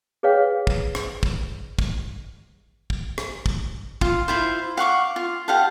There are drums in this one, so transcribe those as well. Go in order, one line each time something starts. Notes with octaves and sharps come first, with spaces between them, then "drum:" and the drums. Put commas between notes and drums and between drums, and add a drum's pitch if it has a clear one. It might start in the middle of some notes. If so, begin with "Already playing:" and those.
G#4 B4 C#5 F5 G5
drum: kick
drum: rim click
drum: kick
drum: kick
drum: kick
drum: rim click
drum: kick
F4, drum: kick
E4 F4 C5
F5 F#5 C#6 D6
F4
G4 F5 F#5 A5